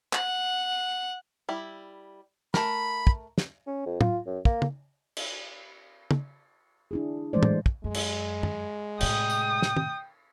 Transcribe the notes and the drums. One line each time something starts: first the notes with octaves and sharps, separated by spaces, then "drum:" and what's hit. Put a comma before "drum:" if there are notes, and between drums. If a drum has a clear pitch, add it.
F#5, drum: clap
G3 E4
A3 A#4 B5, drum: snare
drum: kick
drum: snare
C#4
F2
F4, drum: tom
F#2
A#3, drum: kick
drum: tom
drum: cymbal
drum: tom
D4 E4 G#4
E3 G#3 A3 C5 D5
drum: tom
drum: kick
F#2 G#3
drum: cymbal
drum: tom F#2
A2 C3 G5 D#6, drum: cymbal
drum: tambourine
drum: snare
drum: tom